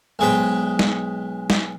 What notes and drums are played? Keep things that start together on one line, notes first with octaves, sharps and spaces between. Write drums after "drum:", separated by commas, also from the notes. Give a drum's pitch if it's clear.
B1 G#3 G#4 B4 C5 G5
drum: snare
drum: snare